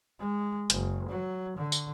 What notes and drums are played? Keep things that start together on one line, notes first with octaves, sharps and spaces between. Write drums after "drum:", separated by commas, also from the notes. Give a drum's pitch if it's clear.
G#3
F#1, drum: hi-hat
F#3
D3
drum: tambourine